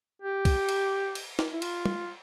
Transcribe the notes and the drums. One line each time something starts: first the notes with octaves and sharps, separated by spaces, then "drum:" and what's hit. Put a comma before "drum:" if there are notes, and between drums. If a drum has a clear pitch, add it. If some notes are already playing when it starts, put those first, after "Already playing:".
G4
drum: kick, cymbal
drum: cymbal
drum: cymbal
drum: snare
E4
F4, drum: cymbal
drum: tom